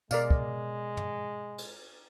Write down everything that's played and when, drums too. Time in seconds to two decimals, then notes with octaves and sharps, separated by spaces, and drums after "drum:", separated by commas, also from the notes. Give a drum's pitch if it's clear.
0.11 B2 G#3 A#4 D5 F5, drum: tambourine
0.30 drum: kick
0.97 drum: tom
1.58 drum: cymbal